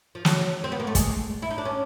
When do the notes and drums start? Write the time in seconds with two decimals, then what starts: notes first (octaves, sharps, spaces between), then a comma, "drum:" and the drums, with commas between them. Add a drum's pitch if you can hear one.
0.15 F3
0.25 F#3, drum: snare
0.64 C4
0.72 B3
0.80 A#3
0.87 A3
0.95 G#3, drum: kick, hi-hat
1.42 E4
1.51 D#4
1.58 D4
1.65 C#4